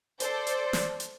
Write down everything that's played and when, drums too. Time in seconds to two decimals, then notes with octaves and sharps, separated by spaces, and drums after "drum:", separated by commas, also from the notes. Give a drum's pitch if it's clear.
0.20 A4 C5 D5, drum: hi-hat
0.47 drum: hi-hat
0.73 drum: snare
1.00 drum: hi-hat